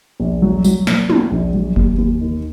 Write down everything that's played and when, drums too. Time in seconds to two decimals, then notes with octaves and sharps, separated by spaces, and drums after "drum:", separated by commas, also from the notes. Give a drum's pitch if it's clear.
0.20 A#1
0.42 F#3
0.64 F#3, drum: tambourine
0.87 A#2, drum: snare
1.10 A#2, drum: tom
1.31 A#1
1.54 F#3
1.76 D#2, drum: kick F#1
1.98 D#2
2.21 D#3